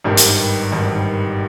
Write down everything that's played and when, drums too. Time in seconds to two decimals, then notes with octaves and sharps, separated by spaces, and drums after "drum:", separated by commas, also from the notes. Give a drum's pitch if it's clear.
0.04 G#1 G2 D#3 G3
0.17 drum: hi-hat
0.72 G#1 G2 D#3 G3